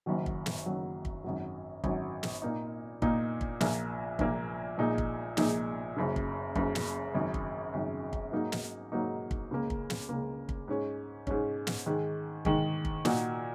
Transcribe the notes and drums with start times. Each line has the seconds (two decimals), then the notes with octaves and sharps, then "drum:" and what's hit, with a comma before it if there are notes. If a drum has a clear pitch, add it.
0.06 F#1 F#2 D#3 F#3
0.26 drum: kick
0.46 drum: snare
0.66 F#1 F#2 D#3 F#3
1.05 drum: kick
1.24 G#1 F#2 F#3
1.84 G#1 F#2 F#3, drum: kick
2.23 drum: snare
2.42 A#2 A#3 D#4
3.02 A#2 A#3 D#4, drum: kick
3.41 drum: kick
3.61 A#1 A#2 A#3, drum: snare
4.19 A#1 A#2 A#3, drum: kick
4.78 A#1 A#2 G#3 D#4
4.98 drum: kick
5.37 A#1 A#2 G#3 D#4, drum: snare
5.96 F#1 F#2 C#3
6.16 drum: kick
6.55 F#1 F#2 C#3, drum: kick
6.75 drum: snare
7.15 G#1 F#2 C#3
7.34 drum: kick
7.74 G#1 F#2 C#3
8.13 drum: kick
8.32 G#2 F#3 A#3 D#4
8.52 drum: snare
8.92 G#2 F#3 A#3 D#4
9.31 drum: kick
9.51 C#2 C#3 A#3
9.70 drum: kick
9.90 drum: snare
10.09 C#2 C#3 A#3
10.49 drum: kick
10.68 G#2 G#3 C#4
11.27 G#2 G#3 C#4, drum: kick
11.67 drum: snare
11.86 G#2 D#3 G#3
12.45 G#2 D#3 G#3, drum: kick
12.85 drum: kick
13.05 A#2 A#3 D#4 F#4, drum: snare